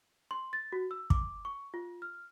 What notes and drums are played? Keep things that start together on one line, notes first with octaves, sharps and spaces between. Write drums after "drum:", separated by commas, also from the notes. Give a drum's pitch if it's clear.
C6
A6
F#4
E6
D6, drum: kick
C#6
F4
F6